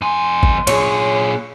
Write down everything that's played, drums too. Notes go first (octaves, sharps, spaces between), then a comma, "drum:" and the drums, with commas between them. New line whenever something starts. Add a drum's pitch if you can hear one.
F2 G#5 C6
drum: kick G#1
A#2 G#4 C#5, drum: cymbal